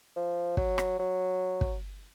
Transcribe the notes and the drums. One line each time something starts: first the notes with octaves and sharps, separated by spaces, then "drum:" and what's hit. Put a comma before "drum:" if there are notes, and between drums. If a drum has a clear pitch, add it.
F3
F#3, drum: kick
drum: rim click
F#3
drum: kick